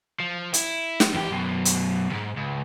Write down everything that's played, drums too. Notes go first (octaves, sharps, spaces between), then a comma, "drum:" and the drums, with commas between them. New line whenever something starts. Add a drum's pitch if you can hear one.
F3
E4, drum: hi-hat
drum: snare
E2 G4
F#2 B2
drum: hi-hat
C#2 G#2
C#2